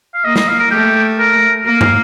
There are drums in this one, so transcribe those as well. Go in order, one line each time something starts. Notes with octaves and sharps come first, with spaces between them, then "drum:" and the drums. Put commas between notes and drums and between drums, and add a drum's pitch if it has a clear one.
F5
A#3 D#5
D#5, drum: snare
F5
A#4
A3 G4
A#4
A#3 A#4
F5, drum: tom